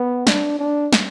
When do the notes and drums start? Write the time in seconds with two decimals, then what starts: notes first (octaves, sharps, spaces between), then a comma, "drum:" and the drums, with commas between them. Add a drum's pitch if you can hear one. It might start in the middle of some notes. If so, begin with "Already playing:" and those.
Already playing: B3
0.27 D4, drum: snare
0.59 D4
0.93 drum: snare